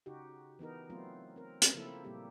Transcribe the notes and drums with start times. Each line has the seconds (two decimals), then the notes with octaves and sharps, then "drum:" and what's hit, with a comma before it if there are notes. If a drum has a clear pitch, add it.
0.06 C#3 D#4 F#4 G4
0.59 E3 B3 D#4 A#4
0.90 F#3 A3 B3 C4 F4
1.36 C4 A#4
1.62 drum: hi-hat
1.74 C#3 F3 A#3 C4 E4 A4
2.04 A#2 G3 A#3 C4 G4